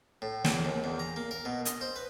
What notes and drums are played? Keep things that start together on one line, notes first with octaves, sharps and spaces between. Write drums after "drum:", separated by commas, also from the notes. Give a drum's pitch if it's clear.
A2
E2, drum: snare
D#2
E2
A#5
A#3
A#4
B2
D#5, drum: hi-hat
C5
B4